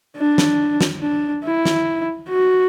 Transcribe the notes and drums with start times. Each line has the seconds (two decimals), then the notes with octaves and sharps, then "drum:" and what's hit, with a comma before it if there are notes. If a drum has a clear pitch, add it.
0.17 D4
0.38 drum: snare
0.81 drum: snare
1.01 D4
1.44 E4
1.65 drum: snare
2.29 F#4